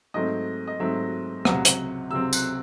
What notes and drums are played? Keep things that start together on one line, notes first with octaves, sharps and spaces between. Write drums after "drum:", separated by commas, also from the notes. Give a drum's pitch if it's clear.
G#2 F#3 A3 C4 D#5
D#5
G#2 F#3 A3 C4 E5
C#2 C3 F#3 C4 F#5, drum: rim click
drum: hi-hat
C#2 C3 F#3 C4 E6
F#6, drum: tambourine